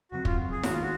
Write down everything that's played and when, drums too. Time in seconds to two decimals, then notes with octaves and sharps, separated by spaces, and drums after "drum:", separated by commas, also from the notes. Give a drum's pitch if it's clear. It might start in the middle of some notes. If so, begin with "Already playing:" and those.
0.11 F2 C#3 F#3 C4 F#4
0.25 F4, drum: kick
0.51 G#4
0.63 G#1 G#2 D#3 F#4, drum: snare E4
0.73 F4
0.82 F#4